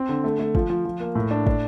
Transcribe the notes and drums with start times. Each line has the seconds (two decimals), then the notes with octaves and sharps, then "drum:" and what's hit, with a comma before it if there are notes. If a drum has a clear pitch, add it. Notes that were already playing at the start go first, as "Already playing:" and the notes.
Already playing: C4
0.09 D3
0.24 A3
0.39 A3
0.55 F3, drum: kick
0.70 F3
0.85 F3
1.00 A#3
1.15 A2
1.31 D4
1.47 D4, drum: kick